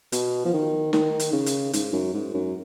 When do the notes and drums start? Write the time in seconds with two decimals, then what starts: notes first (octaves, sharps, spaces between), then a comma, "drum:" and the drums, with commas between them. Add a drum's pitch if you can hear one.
0.12 B2, drum: hi-hat
0.45 F3
0.53 D#3
0.93 D#3, drum: snare
1.20 drum: hi-hat
1.33 C#3
1.46 drum: hi-hat
1.73 G#2, drum: hi-hat
1.93 F#2
2.14 G#2
2.34 F#2